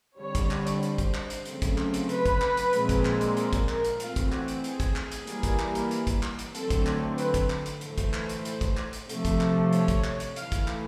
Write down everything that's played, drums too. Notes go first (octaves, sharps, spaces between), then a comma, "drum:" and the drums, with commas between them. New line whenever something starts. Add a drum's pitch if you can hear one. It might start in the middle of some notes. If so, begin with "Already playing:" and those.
D3 G3 C4 C#5
drum: kick, hi-hat
drum: clap
drum: hi-hat
C5, drum: hi-hat
drum: kick, hi-hat
drum: clap
drum: hi-hat
C#3 F#3 A3 C4, drum: hi-hat
drum: kick, hi-hat
drum: clap
drum: hi-hat
B4, drum: hi-hat
drum: kick, hi-hat
drum: clap
drum: hi-hat
A#2 F3 G#3 C4, drum: hi-hat
drum: kick, hi-hat
drum: clap
drum: hi-hat
A#4, drum: hi-hat
drum: kick, hi-hat
A#4, drum: clap
drum: hi-hat
E3 A3 C4 F4, drum: hi-hat
drum: kick, hi-hat
F#4, drum: clap
drum: hi-hat
G#4, drum: hi-hat
drum: kick, hi-hat
drum: clap
drum: hi-hat
E3 G3 A#3, drum: hi-hat
drum: kick, hi-hat
drum: clap
drum: hi-hat
drum: hi-hat
drum: kick, hi-hat
drum: clap
drum: hi-hat
D3 F#3 A3 C4 A4, drum: hi-hat
drum: kick, hi-hat
drum: clap
B4, drum: hi-hat
drum: kick, hi-hat
drum: clap
drum: hi-hat
A2 E3 A3 C5, drum: hi-hat
drum: kick, hi-hat
drum: clap
drum: hi-hat
drum: hi-hat
drum: kick, hi-hat
drum: clap
drum: hi-hat
C3 F3 A3, drum: hi-hat
drum: kick, hi-hat
drum: clap
C#5, drum: hi-hat
drum: kick, hi-hat
drum: clap
drum: hi-hat
A2 E3 A3 F5, drum: hi-hat
drum: kick, hi-hat
drum: clap